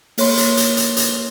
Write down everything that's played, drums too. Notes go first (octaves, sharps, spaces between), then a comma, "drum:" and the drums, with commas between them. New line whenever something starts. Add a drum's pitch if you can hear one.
A#3 C#5 C6, drum: open hi-hat
drum: hi-hat
drum: hi-hat
drum: hi-hat
drum: hi-hat